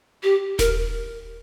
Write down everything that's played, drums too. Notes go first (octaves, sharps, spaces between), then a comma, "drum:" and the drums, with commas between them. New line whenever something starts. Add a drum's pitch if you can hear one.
G4
A#4, drum: snare D#1